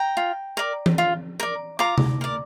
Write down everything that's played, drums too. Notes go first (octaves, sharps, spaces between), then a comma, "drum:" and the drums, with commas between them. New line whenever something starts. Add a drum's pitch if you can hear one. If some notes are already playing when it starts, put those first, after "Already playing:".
Already playing: G5 A#5
F4
A#4 D5
drum: tom E3
F4
A#4 D5
F4 A#5 D6
drum: tom C3
A#4 D5